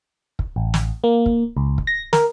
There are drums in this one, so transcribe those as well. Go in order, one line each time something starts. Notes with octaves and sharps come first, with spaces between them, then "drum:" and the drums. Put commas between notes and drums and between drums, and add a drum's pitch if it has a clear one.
drum: kick
A1
drum: snare
A#3
drum: kick
C#2
drum: kick
A#6
A#4, drum: snare